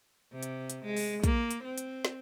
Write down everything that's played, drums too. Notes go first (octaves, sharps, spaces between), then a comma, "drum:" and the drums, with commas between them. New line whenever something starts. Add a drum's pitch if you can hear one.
C3
drum: hi-hat
drum: hi-hat
G#3
drum: open hi-hat
A#3, drum: kick, hi-hat
drum: hi-hat
C4
drum: hi-hat
drum: snare